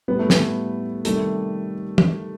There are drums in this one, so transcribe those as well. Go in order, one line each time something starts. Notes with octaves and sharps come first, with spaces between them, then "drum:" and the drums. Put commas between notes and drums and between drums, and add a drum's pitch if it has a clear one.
A2 G3 B3
A3
B3, drum: snare
C3 D#3 G3 A3, drum: hi-hat
drum: tom